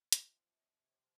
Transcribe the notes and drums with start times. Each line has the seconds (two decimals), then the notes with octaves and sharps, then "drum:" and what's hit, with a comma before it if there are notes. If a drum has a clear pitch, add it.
0.12 C3 F3 D#5 F5, drum: hi-hat
0.36 F5 G5
0.59 C#5 D#5
0.84 C#5
0.94 C5